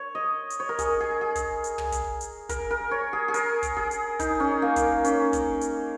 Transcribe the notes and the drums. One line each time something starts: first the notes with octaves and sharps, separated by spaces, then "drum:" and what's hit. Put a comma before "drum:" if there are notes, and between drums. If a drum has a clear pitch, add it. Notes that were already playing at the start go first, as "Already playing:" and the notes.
Already playing: C#5
D#5
drum: hi-hat
C#5
A#4
G#4, drum: kick, hi-hat
G#4
G#4
drum: kick, hi-hat
drum: hi-hat
drum: tom
drum: kick, hi-hat
drum: hi-hat
A#4, drum: kick, hi-hat
A#4
C#5
G#4
G#4
A#4, drum: hi-hat
drum: kick, hi-hat
G#4
drum: hi-hat
D#4, drum: kick, hi-hat
C#4
A#3
drum: kick, hi-hat
C#4, drum: hi-hat
drum: kick, hi-hat
drum: hi-hat